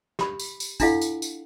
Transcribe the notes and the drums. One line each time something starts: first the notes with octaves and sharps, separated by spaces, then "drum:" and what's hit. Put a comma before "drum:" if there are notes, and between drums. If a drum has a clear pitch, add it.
G4 B5, drum: snare
drum: tambourine
drum: tambourine
D4 E4 F4 A4 F5 F#5, drum: kick, tambourine
drum: tambourine
drum: tambourine